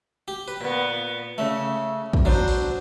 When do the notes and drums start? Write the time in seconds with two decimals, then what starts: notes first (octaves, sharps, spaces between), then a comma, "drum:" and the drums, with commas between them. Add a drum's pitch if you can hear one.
0.28 G4
0.48 B4
0.60 A#2 B3
1.38 C#3 A3 E5
2.13 drum: kick
2.25 F#3 B3 D4 C5
2.48 drum: open hi-hat